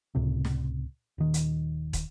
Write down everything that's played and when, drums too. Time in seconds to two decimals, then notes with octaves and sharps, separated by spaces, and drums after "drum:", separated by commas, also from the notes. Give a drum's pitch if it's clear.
0.15 C#2 A2 C3
0.45 drum: snare
1.18 D#1 D#3
1.34 drum: hi-hat
1.93 drum: kick, hi-hat